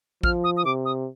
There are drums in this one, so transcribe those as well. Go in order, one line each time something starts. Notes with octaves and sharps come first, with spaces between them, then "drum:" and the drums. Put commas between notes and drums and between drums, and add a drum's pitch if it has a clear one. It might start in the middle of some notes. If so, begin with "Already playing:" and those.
F3 F6, drum: kick
D#6
D#6
C3 D6
D#6